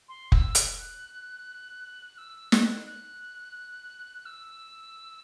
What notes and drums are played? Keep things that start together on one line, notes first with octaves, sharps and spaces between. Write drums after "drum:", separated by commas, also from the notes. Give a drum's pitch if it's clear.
C6
E6, drum: kick
F#6, drum: hi-hat
E6
F#6, drum: snare
F#6
E6